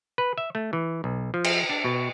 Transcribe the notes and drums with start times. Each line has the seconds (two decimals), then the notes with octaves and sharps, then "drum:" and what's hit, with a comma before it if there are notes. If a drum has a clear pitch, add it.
0.18 B4
0.38 E5
0.55 A3
0.73 E3
1.04 B1
1.34 F3
1.44 drum: cymbal
1.69 D4
1.84 B2